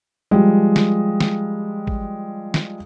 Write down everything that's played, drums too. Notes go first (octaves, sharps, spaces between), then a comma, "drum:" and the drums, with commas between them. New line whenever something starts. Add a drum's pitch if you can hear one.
F3 G3 G#3
drum: snare
drum: snare
drum: kick
drum: snare